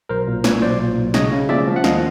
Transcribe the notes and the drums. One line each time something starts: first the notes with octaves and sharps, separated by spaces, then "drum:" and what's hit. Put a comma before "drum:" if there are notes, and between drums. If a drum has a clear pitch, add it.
B1 A#4 C5
A#2
A#2 B4 C#5, drum: snare
B1 C5 D5
A#2
B1
C#3 C#5 D#5, drum: snare
C#3
F3 D5 E5, drum: tom
F3
F#5
D#2 D#5 F5, drum: snare